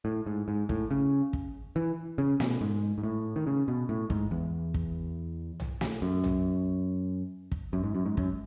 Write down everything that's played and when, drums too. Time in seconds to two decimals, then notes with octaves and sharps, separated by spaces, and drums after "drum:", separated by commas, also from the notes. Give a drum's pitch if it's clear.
0.05 A2
0.27 G#2
0.48 G#2
0.69 A2, drum: kick
0.91 C#3
1.33 drum: kick
1.76 E3
2.18 C#3
2.40 B2, drum: snare
2.61 G#2
2.98 G#2
3.04 A2
3.36 D#3
3.47 C#3
3.68 B2
3.89 A2
4.10 G#2, drum: kick
4.31 E2
4.74 drum: kick
5.60 drum: tom
5.81 drum: snare
6.02 F#2
6.24 drum: tom
7.52 drum: kick
7.73 F#2
7.84 G#2
7.95 F#2
8.06 G#2
8.17 F#2, drum: kick